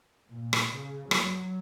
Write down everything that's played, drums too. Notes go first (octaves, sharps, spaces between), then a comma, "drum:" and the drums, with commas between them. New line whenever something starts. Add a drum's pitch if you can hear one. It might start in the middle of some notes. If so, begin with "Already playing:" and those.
A#2
drum: rim click
C#3
F#3, drum: rim click